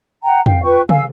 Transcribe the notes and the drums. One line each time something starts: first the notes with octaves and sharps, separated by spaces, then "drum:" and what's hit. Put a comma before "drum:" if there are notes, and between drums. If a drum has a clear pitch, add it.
F#5 G5 A#5
F5 G5, drum: tom
F4 B4 G5 C#6
F5 G#5 E6, drum: tom